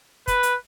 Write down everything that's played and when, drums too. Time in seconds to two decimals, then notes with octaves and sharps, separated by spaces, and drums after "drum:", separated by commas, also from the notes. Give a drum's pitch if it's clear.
0.28 B4, drum: kick, hi-hat
0.43 drum: hi-hat